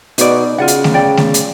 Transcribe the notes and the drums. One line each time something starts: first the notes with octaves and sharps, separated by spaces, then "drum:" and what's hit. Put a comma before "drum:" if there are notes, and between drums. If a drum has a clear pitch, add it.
B2 D#4 D5, drum: hi-hat
C#3 F4 D5 F#5
drum: hi-hat
drum: snare A3
D5 G5
drum: snare A3
drum: hi-hat